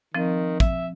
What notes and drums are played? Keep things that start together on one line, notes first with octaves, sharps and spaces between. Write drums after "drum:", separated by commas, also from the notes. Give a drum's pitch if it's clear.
D#3 F3 C4
E5, drum: kick